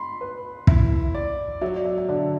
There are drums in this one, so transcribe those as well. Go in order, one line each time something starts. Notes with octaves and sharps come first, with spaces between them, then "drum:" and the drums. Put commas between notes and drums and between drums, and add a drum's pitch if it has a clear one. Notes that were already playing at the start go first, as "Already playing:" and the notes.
Already playing: B5 C6
B4
E4, drum: kick
D5
F#3 E5
D5
E5
E5
D3 D5